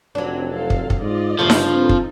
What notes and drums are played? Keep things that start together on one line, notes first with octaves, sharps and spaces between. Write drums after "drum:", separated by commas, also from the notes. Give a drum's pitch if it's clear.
F1 F#3 C4 D4
C4 A4 F5
drum: kick
drum: kick
G#2 F4 D5 D#5
G1 G2 C#3 F3 A3
drum: snare D#4
C4 D#4 A4
drum: kick